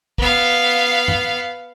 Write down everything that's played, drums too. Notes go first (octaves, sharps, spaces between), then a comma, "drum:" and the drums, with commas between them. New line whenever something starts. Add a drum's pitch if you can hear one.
B3 F5, drum: kick
drum: tom F#2